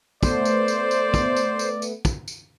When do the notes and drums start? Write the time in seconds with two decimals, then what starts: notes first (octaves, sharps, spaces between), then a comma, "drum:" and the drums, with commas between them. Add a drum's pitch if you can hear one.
0.23 A3 B3 C5 D5, drum: kick, tambourine
0.45 drum: tambourine
0.68 drum: tambourine
0.91 drum: tambourine
1.14 drum: kick, tambourine
1.36 drum: tambourine
1.59 drum: tambourine
1.82 drum: tambourine
2.05 drum: kick, tambourine
2.28 drum: tambourine